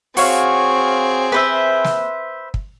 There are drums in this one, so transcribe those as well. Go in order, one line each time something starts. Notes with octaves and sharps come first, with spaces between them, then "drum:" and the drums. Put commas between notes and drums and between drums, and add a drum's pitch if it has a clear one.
C4 F#4 G#4 C#5 F5, drum: open hi-hat
B4 C5 E5
drum: snare
drum: kick